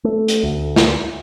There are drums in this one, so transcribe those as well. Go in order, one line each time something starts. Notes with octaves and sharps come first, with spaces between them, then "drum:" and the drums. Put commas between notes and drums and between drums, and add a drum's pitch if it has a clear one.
A3
drum: hi-hat
D2
drum: snare